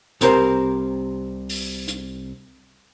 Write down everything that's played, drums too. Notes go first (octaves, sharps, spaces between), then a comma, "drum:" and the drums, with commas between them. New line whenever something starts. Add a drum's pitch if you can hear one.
C2 C3 A#4 C5, drum: hi-hat
drum: open hi-hat
drum: hi-hat